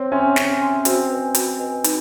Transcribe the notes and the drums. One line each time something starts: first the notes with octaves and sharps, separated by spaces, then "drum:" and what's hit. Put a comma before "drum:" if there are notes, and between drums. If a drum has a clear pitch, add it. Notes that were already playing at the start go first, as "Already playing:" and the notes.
Already playing: C4 C#5
C#4 E5 G#5 C6
C#4 C#5, drum: snare
E5 G#5 C6
C4 F#4, drum: hi-hat
B4 D#5 G#5
F#4, drum: hi-hat
B4 D#5 G#5
D#4, drum: hi-hat